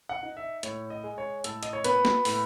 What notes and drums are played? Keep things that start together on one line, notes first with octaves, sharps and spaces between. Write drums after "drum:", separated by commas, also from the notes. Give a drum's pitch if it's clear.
F#5
D#4
E5
A2 C#5, drum: hi-hat
D#5
G#3
C#5
A2 A4, drum: hi-hat
D#5, drum: hi-hat
C#5
B3 B4, drum: hi-hat
drum: snare
A2, drum: open hi-hat